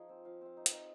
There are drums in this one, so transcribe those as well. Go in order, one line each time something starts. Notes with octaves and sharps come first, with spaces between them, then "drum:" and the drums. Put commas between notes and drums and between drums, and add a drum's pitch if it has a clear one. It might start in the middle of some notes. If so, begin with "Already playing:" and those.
Already playing: F3 D#4 G#4
C4
F3 F5
C4 F5
D#4
F5, drum: hi-hat
D#4